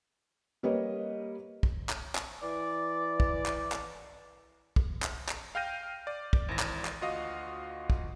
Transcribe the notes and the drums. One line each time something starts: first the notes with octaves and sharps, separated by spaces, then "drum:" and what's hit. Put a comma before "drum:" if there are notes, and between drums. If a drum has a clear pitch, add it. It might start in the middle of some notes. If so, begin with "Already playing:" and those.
G3 A#3 B4 C#5 D#5
drum: kick
drum: clap
drum: clap
E3 D5
drum: kick
drum: clap
drum: clap
drum: kick
drum: clap
drum: clap
F5 G5 F6 G6 A#6 D#7
D5
drum: kick
G#1 E3 A#6
drum: clap
drum: clap
D2 F4 F#4 D#5 F5 D#6
drum: kick